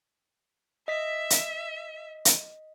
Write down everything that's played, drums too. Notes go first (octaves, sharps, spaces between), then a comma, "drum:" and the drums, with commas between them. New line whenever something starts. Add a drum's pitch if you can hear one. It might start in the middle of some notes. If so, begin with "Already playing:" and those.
D#5 E5 B6
drum: hi-hat
drum: hi-hat